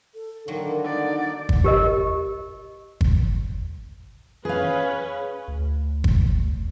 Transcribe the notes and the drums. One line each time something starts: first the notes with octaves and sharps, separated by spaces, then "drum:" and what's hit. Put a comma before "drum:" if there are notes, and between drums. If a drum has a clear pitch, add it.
A4
D3 D#3 F#3 A#3 D#4
D#4 D5 F#5
drum: kick G1
G4 A#4 D#5
drum: kick G1
C#4 G#4 B4 F5
D2
drum: kick G1